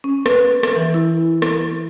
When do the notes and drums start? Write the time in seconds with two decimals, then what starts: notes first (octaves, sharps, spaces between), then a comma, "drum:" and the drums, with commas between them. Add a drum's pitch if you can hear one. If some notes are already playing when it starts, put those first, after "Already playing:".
0.04 C#4
0.26 B4, drum: rim click
0.63 drum: rim click
0.76 E3
0.94 E4
1.42 drum: rim click